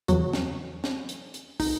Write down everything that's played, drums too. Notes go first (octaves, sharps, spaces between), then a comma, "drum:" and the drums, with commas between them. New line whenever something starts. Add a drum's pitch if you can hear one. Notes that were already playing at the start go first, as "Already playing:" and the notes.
E2 C#3 E3 F#3 F#4, drum: hi-hat
drum: snare
drum: snare
drum: hi-hat
drum: hi-hat
D#4, drum: kick, open hi-hat